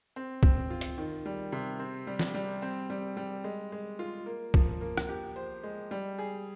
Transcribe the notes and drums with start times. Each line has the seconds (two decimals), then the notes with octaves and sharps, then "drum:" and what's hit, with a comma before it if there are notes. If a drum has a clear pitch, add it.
0.16 C4
0.43 C4, drum: kick
0.70 F4
0.81 drum: hi-hat
0.98 D#3
1.26 G3
1.52 C3
1.79 C4
2.07 G3
2.19 drum: snare
2.34 G3
2.62 C4
2.90 G3
3.17 G3
3.44 G#3
3.72 G#3
3.99 F4
4.26 A#3
4.54 F3, drum: kick
4.81 A#3
4.98 drum: rim click
5.09 G4
5.36 C5
5.63 G#3
5.91 G3
6.19 G#4